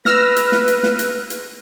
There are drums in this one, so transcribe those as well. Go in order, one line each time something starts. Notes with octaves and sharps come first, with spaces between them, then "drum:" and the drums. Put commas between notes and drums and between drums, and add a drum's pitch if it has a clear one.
B4 E6 F6 A#6, drum: snare
drum: hi-hat
drum: snare
drum: hi-hat
drum: snare
drum: hi-hat
drum: hi-hat